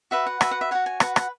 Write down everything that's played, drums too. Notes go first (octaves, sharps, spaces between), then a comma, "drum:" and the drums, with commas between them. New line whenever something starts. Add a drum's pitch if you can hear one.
F#4 B4 E5
F#5
F#4 B4 E5, drum: rim click
F#5
E5
F#4 C#5 F#5
G#5
F#4 B4 F#5, drum: rim click
F#5, drum: rim click